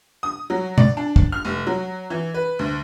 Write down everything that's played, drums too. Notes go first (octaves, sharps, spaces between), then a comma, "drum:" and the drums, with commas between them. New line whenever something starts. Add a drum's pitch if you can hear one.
D#6
F#3
D5, drum: tom B2
D4
drum: kick
F6
F1
F#3
E3
B4
D2